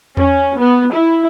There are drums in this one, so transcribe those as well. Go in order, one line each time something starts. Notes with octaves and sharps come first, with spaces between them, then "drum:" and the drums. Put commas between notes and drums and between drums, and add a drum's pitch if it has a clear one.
C#4, drum: tom E2
B3
E4